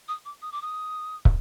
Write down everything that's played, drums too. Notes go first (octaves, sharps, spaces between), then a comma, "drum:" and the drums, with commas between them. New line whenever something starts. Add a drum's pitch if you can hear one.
D#6
D6
D#6
D6
D#6
drum: kick